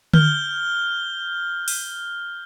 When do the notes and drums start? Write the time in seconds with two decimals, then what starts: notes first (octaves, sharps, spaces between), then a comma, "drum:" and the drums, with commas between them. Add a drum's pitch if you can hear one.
0.14 F6 G6 G7, drum: tom D3
1.68 drum: open hi-hat